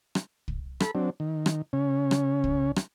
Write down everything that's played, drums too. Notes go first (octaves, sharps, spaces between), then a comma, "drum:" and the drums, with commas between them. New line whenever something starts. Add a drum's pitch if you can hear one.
drum: rim click
drum: kick
A4 B5, drum: rim click
F#3 C4 D4
D#3
drum: rim click
C#3 C#4
drum: rim click
drum: kick
drum: rim click